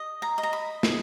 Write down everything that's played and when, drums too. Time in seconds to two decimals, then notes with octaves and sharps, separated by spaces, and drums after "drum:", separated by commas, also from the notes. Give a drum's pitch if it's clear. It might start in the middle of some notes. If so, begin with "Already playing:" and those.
Already playing: D#5
0.22 A#5
0.38 D#5
0.43 A#5
0.53 B5
0.83 G#4, drum: snare